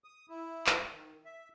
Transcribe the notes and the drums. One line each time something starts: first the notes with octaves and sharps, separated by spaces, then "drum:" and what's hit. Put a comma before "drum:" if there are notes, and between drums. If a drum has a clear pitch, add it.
D#6
E4
drum: clap
D#3
E5